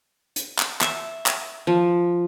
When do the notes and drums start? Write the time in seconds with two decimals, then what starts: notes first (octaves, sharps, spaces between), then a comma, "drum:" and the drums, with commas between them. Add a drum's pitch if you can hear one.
0.36 drum: hi-hat
0.59 drum: clap
0.81 E5, drum: clap
1.26 drum: clap
1.67 F3